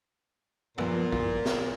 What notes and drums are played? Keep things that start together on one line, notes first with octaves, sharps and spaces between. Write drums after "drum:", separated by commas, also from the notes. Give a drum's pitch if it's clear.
A#2 F3 B3, drum: tom
F4, drum: kick
drum: snare